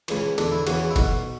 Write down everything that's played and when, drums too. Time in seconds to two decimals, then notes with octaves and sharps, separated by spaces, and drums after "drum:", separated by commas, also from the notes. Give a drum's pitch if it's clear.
0.08 C#2 C#3 E3, drum: cymbal
0.38 E2 D3 D4, drum: cymbal
0.52 E4
0.67 E2 C#3 E3 F#4, drum: cymbal
0.91 E4
0.96 B1 B2 F#4, drum: kick, cymbal